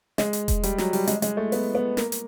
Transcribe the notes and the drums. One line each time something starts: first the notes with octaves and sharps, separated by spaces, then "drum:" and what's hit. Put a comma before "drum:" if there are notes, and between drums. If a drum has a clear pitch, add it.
G#3, drum: snare
drum: hi-hat
drum: kick E1, hi-hat
G3, drum: hi-hat
F#3, drum: snare
G3, drum: open hi-hat
G#3, drum: hi-hat
G#3, drum: hi-hat
A3
B3, drum: open hi-hat
B3
A#3, drum: snare
drum: hi-hat